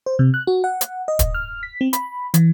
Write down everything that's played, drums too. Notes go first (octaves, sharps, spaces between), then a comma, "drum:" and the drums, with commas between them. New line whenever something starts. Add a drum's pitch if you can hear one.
C5
C3
F#6
F#4
F#5
drum: hi-hat
D#5
drum: kick, hi-hat
F6
B6
C4
B5, drum: hi-hat
E3, drum: hi-hat